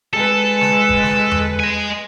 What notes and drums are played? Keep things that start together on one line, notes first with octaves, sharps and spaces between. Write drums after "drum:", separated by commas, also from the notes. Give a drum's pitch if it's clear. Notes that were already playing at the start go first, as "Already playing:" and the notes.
G#3 A4 B4
drum: snare
drum: kick
drum: snare
drum: tom E2
D#5 G#5